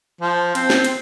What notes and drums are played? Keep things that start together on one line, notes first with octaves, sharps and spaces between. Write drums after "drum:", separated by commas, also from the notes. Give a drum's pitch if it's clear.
F3
C4, drum: hi-hat
drum: snare
drum: hi-hat